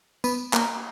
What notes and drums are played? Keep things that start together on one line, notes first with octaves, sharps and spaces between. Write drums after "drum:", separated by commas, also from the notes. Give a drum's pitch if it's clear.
B3, drum: tambourine
A#3, drum: clap